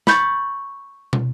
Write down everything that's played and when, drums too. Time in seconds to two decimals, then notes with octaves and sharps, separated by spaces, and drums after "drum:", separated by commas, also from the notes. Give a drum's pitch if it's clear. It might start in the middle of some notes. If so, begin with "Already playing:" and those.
0.07 B5 C#6 G6 A6, drum: snare
1.13 drum: tom